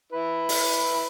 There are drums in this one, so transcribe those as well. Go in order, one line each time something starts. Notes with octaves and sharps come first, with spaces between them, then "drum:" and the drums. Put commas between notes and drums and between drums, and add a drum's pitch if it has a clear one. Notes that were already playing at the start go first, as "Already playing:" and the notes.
E4 B4
drum: open hi-hat